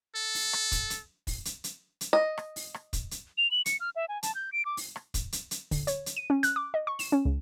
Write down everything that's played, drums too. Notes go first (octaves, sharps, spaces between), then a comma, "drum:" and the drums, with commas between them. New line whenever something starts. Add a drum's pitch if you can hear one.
A4
drum: open hi-hat
drum: rim click
drum: kick, hi-hat
drum: hi-hat
drum: kick, open hi-hat
drum: hi-hat
drum: hi-hat
drum: hi-hat
D#5
drum: rim click
drum: open hi-hat
drum: rim click
drum: kick, hi-hat
drum: hi-hat
F7
F#7
C#7, drum: hi-hat
F6
E5
G#5
A5, drum: hi-hat
G6
D7
D6
drum: open hi-hat
drum: rim click
drum: kick, hi-hat
drum: hi-hat
drum: hi-hat
D3, drum: kick, open hi-hat
C#5, drum: hi-hat
drum: hi-hat
D#7
C#4
F#6, drum: hi-hat
D6
D#5
C#6
E7, drum: open hi-hat
C#4
C#2